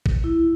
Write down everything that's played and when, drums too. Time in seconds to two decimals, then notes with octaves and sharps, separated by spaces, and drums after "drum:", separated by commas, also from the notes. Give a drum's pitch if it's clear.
0.06 drum: kick
0.24 E4